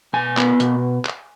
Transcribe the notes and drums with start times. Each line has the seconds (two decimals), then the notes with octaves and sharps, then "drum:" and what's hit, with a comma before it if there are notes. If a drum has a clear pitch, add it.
0.13 B2 G#5
0.37 B3, drum: clap
0.60 B2, drum: hi-hat
1.05 drum: clap